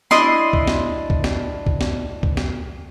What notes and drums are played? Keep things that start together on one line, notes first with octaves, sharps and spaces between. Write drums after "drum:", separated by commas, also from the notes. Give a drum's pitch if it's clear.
D4 E4 D#5 C6, drum: snare
drum: kick C#2
drum: snare
drum: kick C#2
drum: snare
drum: kick C#2
drum: snare
drum: kick C#2
drum: snare